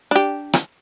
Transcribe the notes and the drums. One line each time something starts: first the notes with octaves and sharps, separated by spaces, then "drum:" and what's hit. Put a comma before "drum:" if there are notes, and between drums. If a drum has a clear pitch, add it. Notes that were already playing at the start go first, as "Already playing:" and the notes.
D4 G4
drum: rim click